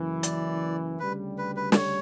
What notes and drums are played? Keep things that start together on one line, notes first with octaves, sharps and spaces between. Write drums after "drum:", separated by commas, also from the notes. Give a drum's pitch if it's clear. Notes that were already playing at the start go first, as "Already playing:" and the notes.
Already playing: F#1 F#2 E3
D5, drum: hi-hat
D2 C#3 G3 B4
B4
B4
D5, drum: snare
C#5